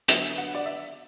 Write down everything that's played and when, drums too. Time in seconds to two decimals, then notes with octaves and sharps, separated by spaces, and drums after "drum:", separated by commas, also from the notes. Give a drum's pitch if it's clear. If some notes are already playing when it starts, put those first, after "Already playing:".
0.08 D3 F#3 B3 E5, drum: hi-hat
0.38 F#5
0.55 D5
0.66 E5